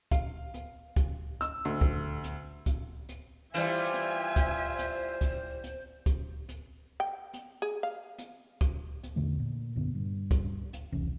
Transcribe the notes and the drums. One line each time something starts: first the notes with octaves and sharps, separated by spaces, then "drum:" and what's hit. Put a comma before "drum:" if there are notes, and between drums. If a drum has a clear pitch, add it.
F5, drum: kick C#2, hi-hat
drum: hi-hat
drum: kick C#2, hi-hat
E6, drum: hi-hat
D2
drum: kick C#2
drum: hi-hat
drum: kick C#2, hi-hat
drum: hi-hat
E3 G3 F4 C5 E5 G#5
drum: hi-hat
drum: kick C#2, hi-hat
drum: hi-hat
drum: kick C#2, hi-hat
drum: hi-hat
drum: kick C#2, hi-hat
drum: hi-hat
G5
drum: hi-hat
G#4
F5
drum: hi-hat
drum: kick C#2, hi-hat
drum: hi-hat
A#1 E2 D3 A3
A#2
A#1 F#2 D3 B3
G2
drum: kick C#2, hi-hat
drum: hi-hat
E1 C2 E3 C#4